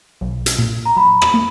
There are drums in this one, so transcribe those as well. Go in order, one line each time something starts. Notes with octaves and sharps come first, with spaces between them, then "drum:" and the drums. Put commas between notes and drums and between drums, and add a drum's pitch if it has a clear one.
B1
drum: hi-hat
A#2
A#5
F#3 B5
drum: rim click
A#3